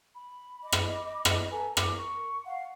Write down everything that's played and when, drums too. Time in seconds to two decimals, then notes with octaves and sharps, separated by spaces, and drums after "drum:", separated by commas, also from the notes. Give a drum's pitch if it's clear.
0.15 B5
0.63 D#5 D6
0.72 drum: rim click
1.25 drum: rim click
1.51 A4 B4 G#5 A#5
1.77 A#4 D6, drum: rim click
1.98 C#6
2.46 F5 F#5